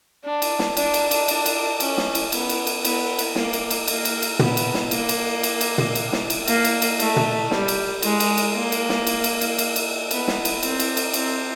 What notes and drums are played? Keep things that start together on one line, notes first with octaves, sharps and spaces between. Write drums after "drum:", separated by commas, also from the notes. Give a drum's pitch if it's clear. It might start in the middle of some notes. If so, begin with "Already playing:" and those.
D4
drum: cymbal
drum: snare
D4, drum: cymbal
drum: cymbal
drum: cymbal
D4, drum: cymbal
drum: cymbal
C#4, drum: cymbal
drum: snare
drum: cymbal
B3, drum: cymbal
drum: cymbal
drum: cymbal
B3, drum: cymbal
drum: cymbal
A#3, drum: snare
drum: cymbal
drum: cymbal
A#3, drum: cymbal
drum: cymbal
drum: cymbal
B3, drum: tom
drum: cymbal
drum: snare
A#3, drum: cymbal
drum: cymbal
drum: cymbal
drum: cymbal
drum: tom
drum: cymbal
drum: snare
drum: cymbal
A#3, drum: cymbal
drum: cymbal
drum: cymbal
A3, drum: cymbal
drum: tom
G3, drum: snare
drum: cymbal
G#3, drum: cymbal
drum: cymbal
drum: cymbal
A#3
drum: cymbal
drum: snare
drum: cymbal
drum: cymbal
drum: cymbal
drum: cymbal
drum: cymbal
B3, drum: cymbal
drum: snare
drum: cymbal
C4, drum: cymbal
drum: cymbal
drum: cymbal
C4, drum: cymbal